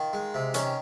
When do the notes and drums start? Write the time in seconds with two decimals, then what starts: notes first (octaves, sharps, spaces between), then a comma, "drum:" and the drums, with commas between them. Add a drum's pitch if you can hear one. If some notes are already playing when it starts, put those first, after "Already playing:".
Already playing: D#3 F4
0.13 G#3
0.34 C3
0.54 D#3 C#4, drum: hi-hat